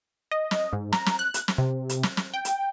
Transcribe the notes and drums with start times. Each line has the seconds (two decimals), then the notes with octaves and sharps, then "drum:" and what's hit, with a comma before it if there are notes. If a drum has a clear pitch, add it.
0.31 D#5
0.51 drum: snare
0.73 G#2
0.93 A#5, drum: snare
1.06 drum: snare
1.19 F#6
1.34 drum: hi-hat
1.48 drum: snare
1.58 C3
1.89 drum: hi-hat
2.03 drum: snare
2.17 drum: snare
2.34 G5
2.45 drum: hi-hat